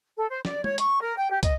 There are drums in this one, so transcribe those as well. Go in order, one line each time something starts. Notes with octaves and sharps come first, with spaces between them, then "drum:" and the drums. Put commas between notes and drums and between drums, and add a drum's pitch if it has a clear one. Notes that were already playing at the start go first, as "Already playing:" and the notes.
A4
C5
D5, drum: snare
C#5, drum: tom G#3
C#6, drum: hi-hat
A#4
G5
G4
D#5, drum: kick, hi-hat